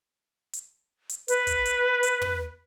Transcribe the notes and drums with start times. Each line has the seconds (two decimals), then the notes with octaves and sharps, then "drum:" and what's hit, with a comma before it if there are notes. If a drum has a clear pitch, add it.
0.53 drum: hi-hat
1.09 drum: hi-hat
1.28 B4, drum: hi-hat
1.47 drum: kick, hi-hat
1.65 drum: hi-hat
2.03 drum: hi-hat
2.22 drum: tom